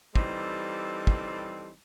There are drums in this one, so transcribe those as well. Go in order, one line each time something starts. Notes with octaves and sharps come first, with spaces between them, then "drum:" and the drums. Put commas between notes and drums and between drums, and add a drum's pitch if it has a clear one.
E3 G3 C4 D#4 G4 A4, drum: kick
drum: kick